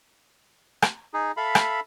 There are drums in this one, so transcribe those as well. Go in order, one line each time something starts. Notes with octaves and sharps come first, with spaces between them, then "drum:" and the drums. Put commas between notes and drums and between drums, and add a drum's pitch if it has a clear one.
drum: rim click
D#4 G#4
A4 E5 F5 B5
drum: rim click